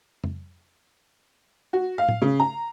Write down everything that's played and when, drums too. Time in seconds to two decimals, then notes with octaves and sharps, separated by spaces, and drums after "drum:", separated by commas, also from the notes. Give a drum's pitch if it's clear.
0.24 drum: tom F2
1.73 F#4
1.98 F5
2.09 drum: tom A2
2.22 C#3
2.40 A#5